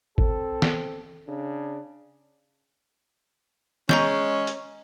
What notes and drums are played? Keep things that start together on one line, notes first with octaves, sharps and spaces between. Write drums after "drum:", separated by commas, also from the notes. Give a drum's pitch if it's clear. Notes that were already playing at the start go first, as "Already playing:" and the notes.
C4 A4, drum: kick
drum: snare
C#3 D4
G#3 C#4 A#5 C#6 G6, drum: snare
drum: hi-hat